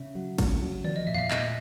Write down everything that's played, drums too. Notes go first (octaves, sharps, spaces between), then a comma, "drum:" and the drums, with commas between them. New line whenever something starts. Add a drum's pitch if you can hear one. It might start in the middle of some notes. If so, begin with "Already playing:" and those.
Already playing: C#3 E5
F#3
C#3, drum: kick, cymbal
F#3
F3 D5, drum: tom D3
D#5
A#2 E5
F5, drum: tom E2
E5
A#2 D#5, drum: clap